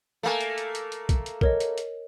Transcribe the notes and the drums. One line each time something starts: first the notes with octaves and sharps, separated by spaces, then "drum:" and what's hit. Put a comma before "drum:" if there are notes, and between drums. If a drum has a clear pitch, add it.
A3 A#3 F5 G#5
drum: hi-hat
drum: hi-hat
drum: hi-hat
drum: hi-hat
drum: kick, hi-hat
drum: hi-hat
A#4 C#5 D#5, drum: kick
drum: hi-hat
drum: hi-hat